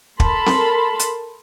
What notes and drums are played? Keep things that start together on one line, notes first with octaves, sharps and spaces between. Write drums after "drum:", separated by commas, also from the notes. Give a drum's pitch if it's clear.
A4 A#4 A5 B5 C6, drum: kick
drum: snare C4
drum: hi-hat